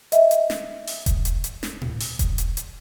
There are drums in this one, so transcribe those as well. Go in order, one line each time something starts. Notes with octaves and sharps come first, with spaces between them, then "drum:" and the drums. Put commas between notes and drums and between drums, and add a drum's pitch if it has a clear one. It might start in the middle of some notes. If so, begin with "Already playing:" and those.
D#5 E5, drum: hi-hat
drum: hi-hat
drum: snare
drum: open hi-hat
drum: kick E1, hi-hat
drum: hi-hat
drum: hi-hat
drum: snare
drum: tom A2
drum: open hi-hat
drum: kick E1, hi-hat
drum: hi-hat
drum: hi-hat